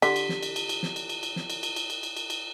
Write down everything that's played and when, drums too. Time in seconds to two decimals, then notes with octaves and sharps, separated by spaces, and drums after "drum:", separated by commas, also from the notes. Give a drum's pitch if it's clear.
0.02 D3 G4 B6, drum: cymbal
0.16 drum: cymbal
0.29 drum: snare
0.43 drum: cymbal
0.56 drum: cymbal
0.69 drum: cymbal
0.83 drum: snare
0.96 drum: cymbal
1.09 drum: cymbal
1.23 drum: cymbal
1.36 drum: snare
1.50 drum: cymbal
1.63 drum: cymbal
1.76 drum: cymbal
1.90 drum: cymbal
2.03 drum: cymbal
2.16 drum: cymbal
2.30 drum: cymbal